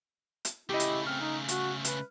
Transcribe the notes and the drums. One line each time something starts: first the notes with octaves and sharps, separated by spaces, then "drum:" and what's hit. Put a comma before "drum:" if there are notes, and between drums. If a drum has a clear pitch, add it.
drum: hi-hat
C#3 A3 E4 G4 D#5
drum: hi-hat
C4 F6
D#4
F#4, drum: hi-hat
B4, drum: hi-hat